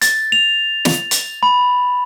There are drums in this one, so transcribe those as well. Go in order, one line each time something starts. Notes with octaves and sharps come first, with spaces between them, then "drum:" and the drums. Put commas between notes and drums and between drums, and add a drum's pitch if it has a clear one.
A6, drum: hi-hat
F7
drum: snare
drum: hi-hat
B5